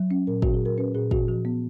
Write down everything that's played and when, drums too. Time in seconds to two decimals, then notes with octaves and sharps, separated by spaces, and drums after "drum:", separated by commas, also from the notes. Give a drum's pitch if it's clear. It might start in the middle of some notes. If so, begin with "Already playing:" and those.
Already playing: F#3
0.11 C#4
0.27 A#2 A#4
0.42 A#2 F#4, drum: kick
0.54 G#4
0.61 F#3 A#4
0.78 C#4 B4
0.95 A#2 G#4
1.11 A#2 F#4, drum: kick
1.28 F3 F#4
1.45 B3